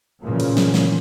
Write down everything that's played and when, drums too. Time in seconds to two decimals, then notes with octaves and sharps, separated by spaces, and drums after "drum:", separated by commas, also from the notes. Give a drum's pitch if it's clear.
0.23 A#2 C#3 E3 F3
0.40 drum: cymbal
0.57 drum: snare
0.74 drum: snare